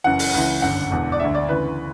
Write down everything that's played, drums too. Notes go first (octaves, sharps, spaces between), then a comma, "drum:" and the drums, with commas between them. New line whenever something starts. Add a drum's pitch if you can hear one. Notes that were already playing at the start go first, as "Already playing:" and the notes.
F#1 F#2 E3 F#5
drum: open hi-hat
C#2 C#3 E3
G1 F#2 D3 F#5
E1 E2 D3
D5
D2 D3 E5
D5
D2 C#3 E3 B4